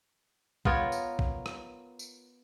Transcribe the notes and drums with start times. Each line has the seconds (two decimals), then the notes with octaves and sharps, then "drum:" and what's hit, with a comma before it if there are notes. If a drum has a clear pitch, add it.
0.65 B3 F4 A#4 C#5, drum: kick
0.92 drum: tambourine
1.19 drum: kick
1.46 drum: rim click
1.99 drum: tambourine